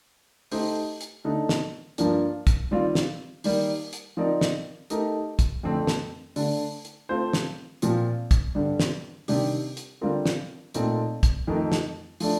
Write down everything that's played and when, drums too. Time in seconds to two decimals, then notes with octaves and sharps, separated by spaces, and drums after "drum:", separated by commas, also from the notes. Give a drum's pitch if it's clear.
0.52 A3 D#4 G4 C5, drum: open hi-hat
1.01 drum: hi-hat
1.24 D3 A3 D#4
1.49 drum: snare
1.98 G2 F3 A#3 D4, drum: hi-hat
2.47 drum: kick, hi-hat
2.71 D#3 G3 C4 F4
2.95 drum: snare
3.44 D#3 G3 A#3, drum: open hi-hat
3.93 drum: hi-hat
4.17 F3 C4 D#4 A#4 D5
4.41 drum: snare
4.90 A3 D#4 G4 A#4, drum: hi-hat
5.39 drum: kick, hi-hat
5.63 F2 D3 A3 C4
5.87 drum: snare
6.36 D3 A3 D4, drum: open hi-hat
6.85 drum: hi-hat
7.09 A3 C4 F4 C5
7.33 drum: snare
7.82 A#2 F3 C4, drum: hi-hat
8.31 drum: kick, hi-hat
8.55 G2 D3 G3
8.80 drum: snare
9.28 C3 D#3 G3 D4 G4, drum: open hi-hat
9.77 drum: hi-hat
10.01 D3 G3 C4 F4 A#4
10.26 drum: snare
10.74 A#2 A3 C4 D#4, drum: hi-hat
11.23 drum: kick, hi-hat
11.47 F2 D#3 A3 D#4 A#4
11.72 drum: snare
12.20 F3 A3 D4, drum: open hi-hat